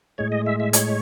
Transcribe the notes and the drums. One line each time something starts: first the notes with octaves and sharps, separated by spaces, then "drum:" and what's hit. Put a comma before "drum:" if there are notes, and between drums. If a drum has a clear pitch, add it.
A2 G#3 C#5
D#5
E5
E5
C#5, drum: hi-hat